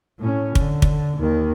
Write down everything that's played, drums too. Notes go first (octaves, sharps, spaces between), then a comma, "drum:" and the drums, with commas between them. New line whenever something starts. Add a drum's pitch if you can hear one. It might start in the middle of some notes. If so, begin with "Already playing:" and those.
A2 C#4
D3, drum: kick
drum: kick
D#2 D#3